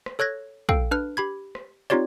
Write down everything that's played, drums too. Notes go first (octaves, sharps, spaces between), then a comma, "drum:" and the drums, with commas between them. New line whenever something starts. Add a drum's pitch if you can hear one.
drum: rim click
A4 C#5 F#6 G#6 A#6
A4 F5 G5, drum: kick
D4 B4 F6
G4 B5 G#6
drum: rim click
C4 D#4 F4 G4 C#5 D5